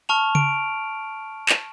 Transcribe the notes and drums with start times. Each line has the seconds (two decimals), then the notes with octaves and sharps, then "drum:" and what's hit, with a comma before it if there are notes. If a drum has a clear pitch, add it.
0.09 A5 C#6 F6 F7
0.35 D7, drum: tom C#3
1.49 drum: clap